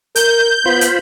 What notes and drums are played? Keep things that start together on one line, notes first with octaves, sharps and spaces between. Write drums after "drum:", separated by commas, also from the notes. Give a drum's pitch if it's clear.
A#4 G6, drum: hi-hat
B3 F4 C5 B5
drum: hi-hat